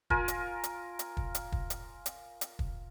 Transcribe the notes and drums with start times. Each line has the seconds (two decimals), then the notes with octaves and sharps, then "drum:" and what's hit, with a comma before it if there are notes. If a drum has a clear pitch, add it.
0.10 F4 A#4 G#5, drum: kick
0.28 drum: hi-hat
0.64 drum: hi-hat
0.99 drum: hi-hat
1.17 drum: kick
1.35 drum: hi-hat
1.52 drum: kick
1.70 drum: hi-hat
2.06 drum: hi-hat
2.41 drum: hi-hat
2.59 drum: kick